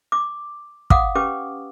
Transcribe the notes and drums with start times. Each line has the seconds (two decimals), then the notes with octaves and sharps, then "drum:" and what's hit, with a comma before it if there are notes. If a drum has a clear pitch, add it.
0.12 D6
0.90 F5 F#5 D6 D#6, drum: kick
1.15 C#4 G4 B4 D6